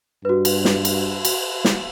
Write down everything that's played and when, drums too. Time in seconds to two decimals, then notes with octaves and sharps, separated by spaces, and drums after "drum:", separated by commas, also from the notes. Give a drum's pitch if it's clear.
0.25 G2 F#4 B4
0.45 drum: cymbal
0.65 drum: snare
0.85 drum: cymbal
1.25 drum: cymbal
1.65 drum: snare